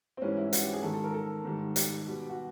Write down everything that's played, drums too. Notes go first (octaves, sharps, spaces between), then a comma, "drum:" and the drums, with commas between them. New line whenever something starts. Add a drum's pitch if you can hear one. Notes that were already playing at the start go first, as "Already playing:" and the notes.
C4
G#2 E3 G3 C#4
E4
F#4, drum: hi-hat
G4
G#4
G#2 D#3 G3 A4
A4
A#4
A4
G#2 D#3 G3
G4, drum: hi-hat
B2 G3
F#4